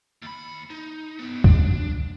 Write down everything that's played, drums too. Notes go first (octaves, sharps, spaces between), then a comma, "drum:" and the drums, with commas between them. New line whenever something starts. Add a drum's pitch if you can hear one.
D#2 B5
D#4
D3 B3
D4, drum: kick